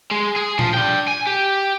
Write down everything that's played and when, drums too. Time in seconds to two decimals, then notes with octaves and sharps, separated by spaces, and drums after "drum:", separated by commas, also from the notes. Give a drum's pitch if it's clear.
0.11 G#3
0.36 G#4
0.59 F3, drum: tom A#2
0.74 D4 G5
1.08 G#5
1.27 G4